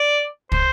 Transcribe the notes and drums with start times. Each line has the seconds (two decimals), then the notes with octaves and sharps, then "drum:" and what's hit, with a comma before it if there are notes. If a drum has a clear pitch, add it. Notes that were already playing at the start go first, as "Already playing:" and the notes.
Already playing: D5
0.52 C5, drum: kick